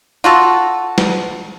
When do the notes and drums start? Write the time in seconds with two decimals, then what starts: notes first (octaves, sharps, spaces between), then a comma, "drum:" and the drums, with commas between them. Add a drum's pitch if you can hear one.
0.24 F4 F#4 A4
0.98 drum: snare